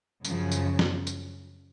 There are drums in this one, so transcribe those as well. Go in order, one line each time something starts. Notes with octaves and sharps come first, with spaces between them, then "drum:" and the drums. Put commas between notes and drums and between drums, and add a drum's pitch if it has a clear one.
F#2 C#3 F3, drum: tambourine
drum: tambourine
drum: snare
drum: tambourine